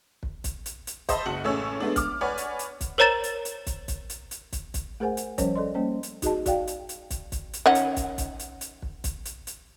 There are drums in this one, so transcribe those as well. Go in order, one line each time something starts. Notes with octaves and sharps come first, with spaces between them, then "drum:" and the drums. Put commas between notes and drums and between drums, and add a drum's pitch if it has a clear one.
drum: kick
drum: kick, hi-hat
drum: hi-hat
drum: hi-hat
C5 D#5 E5 A5 B5, drum: kick, hi-hat
F#1 F#4 C#7 F#7
A1 G#3 A3 C#4 C#5 E6
G#3 A3 B3 D4
D6 F6, drum: kick, hi-hat
B4 C#5 D5 F#5 G#5
drum: hi-hat
drum: hi-hat
drum: kick, hi-hat
A#4 C5 C#5 A#5 A6 E7
drum: hi-hat
drum: hi-hat
drum: kick, hi-hat
drum: kick, hi-hat
drum: hi-hat
drum: hi-hat
drum: kick, hi-hat
drum: kick, hi-hat
A3 G#4 A#4 C5 F#5 G#5
drum: hi-hat
F3 G3 C#4 A#4 C5 C#5, drum: kick, hi-hat
A4 D5 D#5 C6
G3 A#3 C#4 C5
drum: hi-hat
D#4 F#4 G#4 D#5 A5, drum: kick, hi-hat
F#4 D5 F5 G5, drum: kick, hi-hat
drum: hi-hat
drum: hi-hat
drum: kick, hi-hat
drum: kick, hi-hat
drum: hi-hat
D#3 C#4 F#5
drum: hi-hat
drum: kick, hi-hat
drum: kick, hi-hat
drum: hi-hat
drum: hi-hat
drum: kick
drum: kick, hi-hat
drum: hi-hat
drum: hi-hat